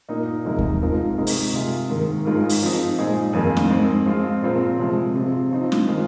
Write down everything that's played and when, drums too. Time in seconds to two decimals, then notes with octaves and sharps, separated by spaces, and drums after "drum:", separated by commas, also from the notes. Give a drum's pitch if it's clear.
0.08 A#2 A#3 D#4
0.44 F2 C3 G#3 D#4 A#4
0.59 drum: kick D#2
0.81 G#2 F3 C4 F4 A#4
1.17 C3 G#3 D#4 A#4
1.27 drum: open hi-hat
1.53 C3 G#3 F4 G#4
1.89 G#2 D#3 A#3
2.25 G#2 G#3 F4 A#4
2.49 drum: open hi-hat
2.62 F3 C4 D#4
2.98 A#2 G#3 D#4 G#4
3.33 F2 D#3 A#3 G#4
3.57 drum: snare
3.70 G#2 G#3 C4
4.06 F3 G#3 C4 F4
4.42 A#2 F3 C4 F4 A#4
4.78 C3 F3 G#3
5.15 C3 F3 C4
5.51 F3 C4 D#4
5.72 drum: snare
5.87 D#3 G#3 F4 G#4